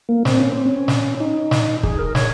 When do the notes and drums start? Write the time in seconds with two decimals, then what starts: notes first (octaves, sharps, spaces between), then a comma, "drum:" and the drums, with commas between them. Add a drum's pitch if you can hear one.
0.09 A#3
0.25 C4, drum: snare
0.40 C#4
0.53 C4
0.66 C#4
0.88 drum: snare
1.20 D#4
1.51 drum: snare
1.83 G#4, drum: kick
1.99 A#4
2.15 C#5, drum: snare